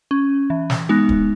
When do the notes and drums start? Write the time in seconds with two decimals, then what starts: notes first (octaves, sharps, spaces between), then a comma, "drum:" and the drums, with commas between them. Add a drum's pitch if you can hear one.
0.11 C#4
0.50 E3
0.70 drum: snare
0.89 G#3 B3 D#4
1.09 drum: kick